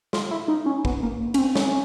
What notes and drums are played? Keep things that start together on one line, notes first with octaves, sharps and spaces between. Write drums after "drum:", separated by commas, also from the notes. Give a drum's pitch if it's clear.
F4, drum: snare
E4
D#4
C#4
B3, drum: kick
A#3
C#4, drum: cymbal
C4
C#4, drum: snare